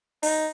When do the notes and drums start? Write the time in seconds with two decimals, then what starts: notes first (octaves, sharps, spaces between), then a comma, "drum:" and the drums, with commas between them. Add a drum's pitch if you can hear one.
0.23 D#4, drum: open hi-hat